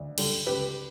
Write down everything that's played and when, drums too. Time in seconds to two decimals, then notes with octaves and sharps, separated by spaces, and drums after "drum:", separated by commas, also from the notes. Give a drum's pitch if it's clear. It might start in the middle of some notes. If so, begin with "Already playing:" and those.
Already playing: D2
0.18 D3 G3, drum: cymbal
0.46 C#2 G4 B4